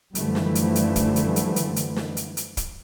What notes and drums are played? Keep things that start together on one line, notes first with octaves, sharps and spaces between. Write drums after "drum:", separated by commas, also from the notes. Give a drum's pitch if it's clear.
F#2 D3 E3 F3 G3 A3, drum: hi-hat
drum: snare
drum: hi-hat
drum: hi-hat
drum: kick, hi-hat
drum: hi-hat
drum: hi-hat
drum: hi-hat
drum: hi-hat
drum: snare
drum: hi-hat
drum: hi-hat
drum: kick, hi-hat